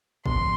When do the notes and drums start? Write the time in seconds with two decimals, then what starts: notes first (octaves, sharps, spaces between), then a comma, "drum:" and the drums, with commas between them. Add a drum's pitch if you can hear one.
0.26 G#2 F3 B3 C6, drum: kick